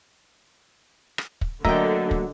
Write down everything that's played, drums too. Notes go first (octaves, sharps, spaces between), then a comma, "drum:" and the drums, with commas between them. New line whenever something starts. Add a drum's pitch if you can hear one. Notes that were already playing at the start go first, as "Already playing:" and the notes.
drum: rim click
drum: kick
D3 F#3 A3 A#3 D#5 E5 G5 A#5, drum: kick
drum: kick